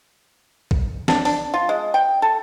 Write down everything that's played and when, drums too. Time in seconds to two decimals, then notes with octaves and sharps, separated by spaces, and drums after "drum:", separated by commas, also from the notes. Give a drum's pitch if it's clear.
0.71 drum: kick B1
1.08 D4, drum: snare
1.25 D4, drum: open hi-hat
1.54 F4
1.69 G#3
1.94 G5
2.22 A4